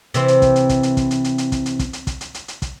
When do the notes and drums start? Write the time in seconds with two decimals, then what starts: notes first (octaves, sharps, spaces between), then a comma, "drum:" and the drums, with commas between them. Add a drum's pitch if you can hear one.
0.14 C3 E3 C4, drum: hi-hat
0.28 drum: hi-hat
0.42 drum: kick, hi-hat
0.56 drum: hi-hat
0.69 drum: kick, hi-hat
0.83 drum: hi-hat
0.97 drum: kick, hi-hat
1.11 drum: hi-hat
1.24 drum: hi-hat
1.38 drum: hi-hat
1.52 drum: kick, hi-hat
1.66 drum: hi-hat
1.79 drum: kick, hi-hat
1.93 drum: hi-hat
2.07 drum: kick, hi-hat
2.21 drum: hi-hat
2.34 drum: hi-hat
2.48 drum: hi-hat
2.62 drum: kick, hi-hat